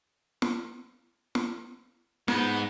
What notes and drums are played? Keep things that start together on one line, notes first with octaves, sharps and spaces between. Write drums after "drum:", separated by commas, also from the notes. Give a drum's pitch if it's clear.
drum: snare
drum: snare
G#2 B3 D#4, drum: snare